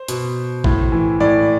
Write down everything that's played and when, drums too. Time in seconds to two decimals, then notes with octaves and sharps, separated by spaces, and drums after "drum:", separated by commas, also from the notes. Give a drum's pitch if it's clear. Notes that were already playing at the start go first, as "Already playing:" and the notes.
Already playing: C5
0.08 B2, drum: hi-hat
0.64 A2, drum: kick A1
0.92 E3
1.20 A2 D5